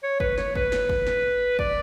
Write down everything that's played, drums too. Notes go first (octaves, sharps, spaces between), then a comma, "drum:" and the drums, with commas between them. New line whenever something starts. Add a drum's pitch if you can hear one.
C#5
B4, drum: kick
C#5, drum: snare
B4, drum: kick
drum: snare
drum: kick
drum: snare
D5, drum: kick